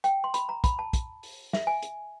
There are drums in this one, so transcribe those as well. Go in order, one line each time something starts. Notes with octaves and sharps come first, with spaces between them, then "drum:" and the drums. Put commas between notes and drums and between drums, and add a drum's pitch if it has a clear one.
G5, drum: hi-hat
C6
B5, drum: hi-hat
A#5
B5, drum: kick, hi-hat
A5
drum: kick, hi-hat
drum: open hi-hat
E5, drum: snare
G#5
drum: hi-hat